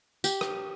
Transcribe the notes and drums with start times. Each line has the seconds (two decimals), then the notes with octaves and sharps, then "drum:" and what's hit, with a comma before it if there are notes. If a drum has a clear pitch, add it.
0.24 G4, drum: tambourine
0.41 drum: rim click